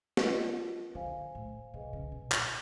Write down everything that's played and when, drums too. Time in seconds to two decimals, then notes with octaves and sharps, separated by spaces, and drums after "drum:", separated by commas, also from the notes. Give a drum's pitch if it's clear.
0.17 F4 A#4 D#5, drum: snare
0.95 D3 C5 F5 G#5
1.35 A2
1.74 C3 G#4 B4 D#5 G#5
1.93 C#3
2.12 B2
2.32 A#2, drum: clap